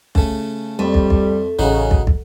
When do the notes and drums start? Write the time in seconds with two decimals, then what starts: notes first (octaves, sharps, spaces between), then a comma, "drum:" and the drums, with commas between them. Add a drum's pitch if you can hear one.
0.15 C#3 A3, drum: kick
0.79 F2 G3 A3
0.94 drum: kick
1.10 drum: kick
1.59 A1 C#3 F#3 D#4 F#4
1.91 drum: kick
2.07 drum: kick